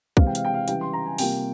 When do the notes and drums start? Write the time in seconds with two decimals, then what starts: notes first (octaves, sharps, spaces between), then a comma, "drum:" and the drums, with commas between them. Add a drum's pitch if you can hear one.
0.17 C3 E3 G#3 C4 F5, drum: kick
0.27 G5
0.35 F5, drum: hi-hat
0.45 G5
0.54 F5
0.68 C#3 E3 G3 G5, drum: hi-hat
0.81 C6
0.93 A#5
1.06 G#5
1.18 C3 G3 A#3 F4 G5, drum: open hi-hat